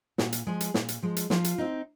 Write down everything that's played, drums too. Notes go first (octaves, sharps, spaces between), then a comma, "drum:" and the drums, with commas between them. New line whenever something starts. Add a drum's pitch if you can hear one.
A#2 F#4, drum: snare
drum: hi-hat
F3 G#3 G#4
drum: hi-hat
A#2, drum: snare
drum: hi-hat
F3 G#3
drum: hi-hat
F3 F4, drum: snare
drum: hi-hat
C4 D#4